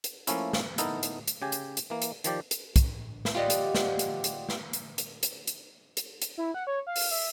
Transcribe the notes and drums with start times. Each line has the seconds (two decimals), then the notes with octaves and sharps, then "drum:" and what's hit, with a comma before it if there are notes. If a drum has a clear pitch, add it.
0.04 drum: hi-hat
0.27 F3 A3 A#3 C#4 E4, drum: hi-hat
0.53 drum: snare
0.78 B3 D#4 E4 A4 A#4, drum: hi-hat
1.03 drum: hi-hat
1.28 drum: hi-hat
1.42 C#3 G4 G#5
1.52 drum: hi-hat
1.77 drum: hi-hat
1.90 E3 A#3
2.02 drum: hi-hat
2.24 D#3 F3 G4 D5, drum: hi-hat
2.51 drum: hi-hat
2.76 drum: kick, hi-hat
3.25 drum: snare
3.35 F4 G4 D5 D#5 F#5
3.50 drum: hi-hat
3.75 drum: snare
3.99 drum: hi-hat
4.24 drum: hi-hat
4.49 drum: snare
4.73 drum: hi-hat
4.98 drum: hi-hat
5.23 drum: hi-hat
5.47 drum: hi-hat
5.97 drum: hi-hat
6.22 drum: hi-hat
6.37 E4
6.54 F#5
6.67 C#5
6.87 F5
6.96 drum: open hi-hat
7.11 E5